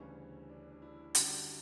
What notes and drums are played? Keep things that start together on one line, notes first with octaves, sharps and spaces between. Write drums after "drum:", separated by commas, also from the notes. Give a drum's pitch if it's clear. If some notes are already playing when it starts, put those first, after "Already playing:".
Already playing: D2 C#3 E3 G3 C#4
D4
D4
E4
F#2 D3 G3 F#4, drum: hi-hat